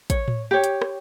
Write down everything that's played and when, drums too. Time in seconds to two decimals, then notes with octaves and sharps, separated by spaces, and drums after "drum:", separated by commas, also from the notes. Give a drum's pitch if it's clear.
0.10 C#5, drum: kick A1, hi-hat
0.28 drum: tom A2
0.51 G4 C#5
0.64 drum: hi-hat
0.82 drum: rim click